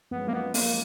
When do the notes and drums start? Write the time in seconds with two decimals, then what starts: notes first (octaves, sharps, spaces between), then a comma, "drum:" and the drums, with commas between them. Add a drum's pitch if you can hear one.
0.11 F#2 F3 G#3 B3 C#4
0.27 A#3
0.33 B3
0.54 A#3, drum: open hi-hat